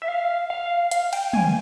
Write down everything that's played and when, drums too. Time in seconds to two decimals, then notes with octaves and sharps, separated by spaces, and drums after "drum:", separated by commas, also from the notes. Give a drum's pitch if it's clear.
0.02 E5
0.08 F5
0.50 F5
0.91 F5, drum: hi-hat
1.13 G5, drum: cymbal
1.33 G#5, drum: tom